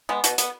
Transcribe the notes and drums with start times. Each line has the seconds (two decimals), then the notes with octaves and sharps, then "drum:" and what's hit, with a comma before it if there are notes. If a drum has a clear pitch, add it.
0.09 G#3 B3
0.24 B2, drum: hi-hat
0.38 B3, drum: hi-hat